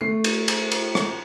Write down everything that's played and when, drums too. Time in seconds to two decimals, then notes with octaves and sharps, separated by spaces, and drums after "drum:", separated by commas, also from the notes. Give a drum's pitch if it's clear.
0.01 A3 C7
0.24 drum: cymbal
0.48 drum: cymbal
0.72 drum: cymbal
0.95 drum: rim click